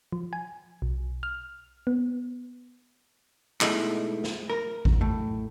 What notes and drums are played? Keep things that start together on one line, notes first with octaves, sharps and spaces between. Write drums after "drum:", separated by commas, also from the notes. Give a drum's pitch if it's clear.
F3
G#5
B1
F6
B3
G#2 B2 G#3 A3 E4, drum: clap
drum: snare
A#4
drum: kick A1
A2